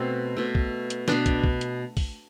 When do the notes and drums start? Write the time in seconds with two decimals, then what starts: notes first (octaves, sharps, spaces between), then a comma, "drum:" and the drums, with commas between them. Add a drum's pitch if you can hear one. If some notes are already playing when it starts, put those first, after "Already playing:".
Already playing: B2 A3 C4
0.37 B2 A3
0.55 drum: kick
0.90 drum: hi-hat
1.08 B2 B3 D4, drum: snare
1.26 drum: kick, hi-hat
1.44 drum: kick
1.61 drum: hi-hat
1.97 drum: kick, open hi-hat